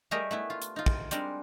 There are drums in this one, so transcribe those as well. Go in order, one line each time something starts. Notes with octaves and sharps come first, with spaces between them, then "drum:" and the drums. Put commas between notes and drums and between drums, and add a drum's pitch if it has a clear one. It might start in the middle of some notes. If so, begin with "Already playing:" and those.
G3 A3 G4 G#4 A#4 D#5
A3 B3 E4
F4
drum: hi-hat
D#4 F4
drum: kick
G3 G#3 C4 D4 A#4, drum: hi-hat